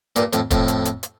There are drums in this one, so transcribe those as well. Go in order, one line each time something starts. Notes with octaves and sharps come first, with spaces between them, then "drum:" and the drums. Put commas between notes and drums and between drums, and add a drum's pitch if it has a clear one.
G2 A#2, drum: hi-hat
F2 A2, drum: hi-hat
F2 A2, drum: kick, hi-hat
drum: hi-hat
drum: hi-hat
drum: hi-hat